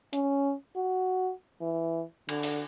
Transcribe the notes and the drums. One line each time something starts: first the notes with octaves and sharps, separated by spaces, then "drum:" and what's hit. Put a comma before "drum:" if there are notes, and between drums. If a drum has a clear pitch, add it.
C#4, drum: hi-hat
F#4
E3
D3, drum: cymbal
drum: open hi-hat